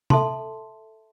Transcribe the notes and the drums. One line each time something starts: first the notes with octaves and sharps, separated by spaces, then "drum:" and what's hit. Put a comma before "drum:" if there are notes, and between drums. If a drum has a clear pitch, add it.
A4 E5 A5 C6, drum: tom C3